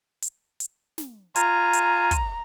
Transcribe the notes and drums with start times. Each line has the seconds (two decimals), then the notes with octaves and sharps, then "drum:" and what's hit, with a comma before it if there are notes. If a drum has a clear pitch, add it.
0.22 drum: hi-hat
0.60 drum: hi-hat
0.98 drum: snare
1.36 F4 G#5 A#5, drum: hi-hat
1.73 drum: hi-hat
2.11 drum: kick, hi-hat